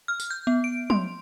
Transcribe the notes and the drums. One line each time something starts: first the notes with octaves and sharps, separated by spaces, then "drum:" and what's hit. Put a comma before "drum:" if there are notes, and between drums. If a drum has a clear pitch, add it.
F6
drum: tambourine
G6
B3
D7
C6, drum: tom